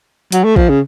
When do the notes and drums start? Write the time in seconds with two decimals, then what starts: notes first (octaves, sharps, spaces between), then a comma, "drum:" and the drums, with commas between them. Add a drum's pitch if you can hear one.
0.32 F#3, drum: hi-hat
0.44 A3
0.56 F3, drum: kick A#1
0.69 C#3